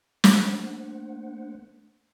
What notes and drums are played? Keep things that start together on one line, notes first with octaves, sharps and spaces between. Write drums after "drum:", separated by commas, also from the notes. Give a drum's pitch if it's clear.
A3 A#3 D4 C5 F#5, drum: snare